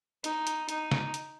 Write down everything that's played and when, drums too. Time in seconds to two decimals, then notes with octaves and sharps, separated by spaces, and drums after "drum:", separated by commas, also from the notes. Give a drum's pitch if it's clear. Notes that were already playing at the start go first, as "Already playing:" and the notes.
0.24 D#4, drum: hi-hat
0.47 drum: hi-hat
0.69 D#4, drum: hi-hat
0.91 drum: snare
1.14 drum: hi-hat